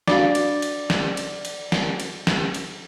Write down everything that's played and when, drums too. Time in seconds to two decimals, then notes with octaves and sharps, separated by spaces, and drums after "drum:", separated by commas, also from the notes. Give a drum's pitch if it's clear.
0.08 D4 F#4 D5 F5, drum: snare
0.35 drum: cymbal
0.62 drum: cymbal
0.90 drum: snare
1.17 drum: cymbal
1.45 drum: cymbal
1.72 drum: snare
2.00 drum: cymbal
2.27 drum: snare
2.54 drum: cymbal